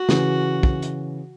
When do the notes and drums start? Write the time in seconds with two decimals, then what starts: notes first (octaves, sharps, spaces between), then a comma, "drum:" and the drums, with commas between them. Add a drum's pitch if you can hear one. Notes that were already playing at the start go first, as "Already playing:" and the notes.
Already playing: F#4
0.09 C#3 E3, drum: snare
0.63 drum: kick
0.82 drum: hi-hat